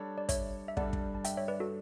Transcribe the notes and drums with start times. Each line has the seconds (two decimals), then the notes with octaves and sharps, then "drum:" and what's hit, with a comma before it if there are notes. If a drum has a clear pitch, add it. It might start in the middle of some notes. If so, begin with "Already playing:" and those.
Already playing: G3 D4 A4 C#5
0.18 D5
0.29 C#5 E5, drum: kick, hi-hat
0.68 E5
0.77 G2 D3 G3 D4 A4 D5 F#5, drum: kick
0.93 drum: kick
1.15 A5
1.24 E5 G5, drum: hi-hat
1.37 C#5 E5
1.48 B4 D5
1.60 F#4 A4